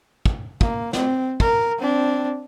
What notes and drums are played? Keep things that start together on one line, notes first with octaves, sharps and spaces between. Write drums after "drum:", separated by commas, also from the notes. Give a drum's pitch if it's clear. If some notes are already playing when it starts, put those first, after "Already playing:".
drum: kick
A#3, drum: kick
C4, drum: snare
A#4, drum: kick
C4 D4